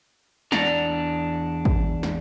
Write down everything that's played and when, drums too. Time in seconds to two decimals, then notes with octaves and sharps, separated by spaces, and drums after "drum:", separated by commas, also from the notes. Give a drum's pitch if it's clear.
0.52 E2 D4 D5 F#5 A#5, drum: snare
1.65 drum: kick
2.03 drum: snare